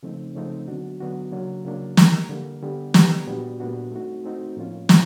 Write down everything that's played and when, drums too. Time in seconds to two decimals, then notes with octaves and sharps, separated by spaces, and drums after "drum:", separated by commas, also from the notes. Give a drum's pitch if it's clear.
0.03 C#3 F3 A3 C4 D#4
0.35 C#3 F3 A3 C4 D#4
0.68 D3 F#3 B3 D4 F#4
1.00 D3 F#3 B3 D4 F#4
1.32 C#3 F#3 A#3 D4
1.65 C#3 F#3 A#3 D4
1.97 D3 G3 A#3, drum: snare
2.29 D3 G3 A#3
2.63 D3 G3 B3
2.94 D3 G3 B3, drum: snare
3.27 A#2 G3 B3 D4 F#4
3.60 A#2 G3 B3 D4 F#4
3.91 A3 C4 D#4 F#4
4.24 A3 C4 D#4 F#4
4.57 A2 F3 A#3 C#4 F4
4.89 A#3 C#4 F4, drum: snare